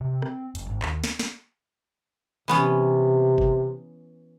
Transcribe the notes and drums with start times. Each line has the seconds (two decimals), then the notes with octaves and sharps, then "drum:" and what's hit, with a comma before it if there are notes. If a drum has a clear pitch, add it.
0.01 C3
0.22 C4, drum: rim click
0.55 F#1, drum: hi-hat
0.68 G#1
0.82 D#2, drum: clap
1.04 drum: snare
1.19 drum: snare
2.48 C3 E3 B3 C#4
3.38 drum: kick